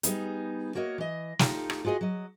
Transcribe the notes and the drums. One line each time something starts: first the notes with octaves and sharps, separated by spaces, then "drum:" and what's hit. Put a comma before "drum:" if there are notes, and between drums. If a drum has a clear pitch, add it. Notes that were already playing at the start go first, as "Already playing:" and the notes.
G3 B3 D#4 G#4, drum: hi-hat
A#3 F#4 A#4 C#5 D#5
E3 D#5
D#4 F4 G4 A4, drum: snare
drum: rim click
F4 F#4 G#4 D5 D#5
F#3 D#5